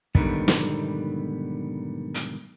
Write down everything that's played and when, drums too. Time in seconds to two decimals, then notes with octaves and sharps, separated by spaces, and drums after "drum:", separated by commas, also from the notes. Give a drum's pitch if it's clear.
0.15 B1 G#2 D3 D#3 G3 B3, drum: kick
0.48 drum: snare
2.14 drum: hi-hat